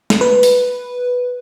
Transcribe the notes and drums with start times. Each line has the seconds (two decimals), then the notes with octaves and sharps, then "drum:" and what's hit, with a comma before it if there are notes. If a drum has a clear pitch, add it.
0.10 drum: snare
0.21 B4
0.43 drum: open hi-hat